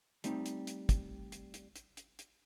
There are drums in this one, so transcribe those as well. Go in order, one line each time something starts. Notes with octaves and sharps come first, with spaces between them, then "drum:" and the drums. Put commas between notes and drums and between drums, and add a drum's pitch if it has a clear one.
G3 A3 C4 D#4, drum: hi-hat
drum: hi-hat
drum: hi-hat
drum: kick, hi-hat
drum: hi-hat
drum: hi-hat
drum: hi-hat
drum: hi-hat
drum: hi-hat